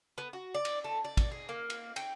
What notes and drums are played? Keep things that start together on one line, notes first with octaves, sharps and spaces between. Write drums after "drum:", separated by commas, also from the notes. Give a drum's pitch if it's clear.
B3
F#4
D5
drum: cymbal
A3
D5
drum: kick, cymbal
G#4
A#3
drum: cymbal
G5, drum: cymbal